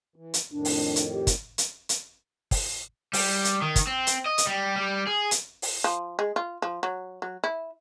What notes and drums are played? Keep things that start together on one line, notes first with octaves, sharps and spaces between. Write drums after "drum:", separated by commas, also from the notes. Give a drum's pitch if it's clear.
E3
drum: hi-hat
F2 A2 D#3 D4
drum: open hi-hat
drum: hi-hat
G4
drum: kick, hi-hat
drum: hi-hat
drum: hi-hat
drum: kick, open hi-hat
G3, drum: open hi-hat
drum: hi-hat
D#3
drum: kick, hi-hat
C4
drum: hi-hat
D#5
drum: hi-hat
G3
G3
G#4
drum: hi-hat
drum: open hi-hat
F3
G#3
F4
F3
F#3
F#3
E4